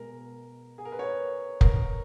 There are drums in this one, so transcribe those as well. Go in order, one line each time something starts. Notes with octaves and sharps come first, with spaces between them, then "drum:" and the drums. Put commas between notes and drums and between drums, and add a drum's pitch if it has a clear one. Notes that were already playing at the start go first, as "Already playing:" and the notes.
Already playing: B2 G#3 A#4
G#4
A#4
B4
C#5
A#4, drum: kick F1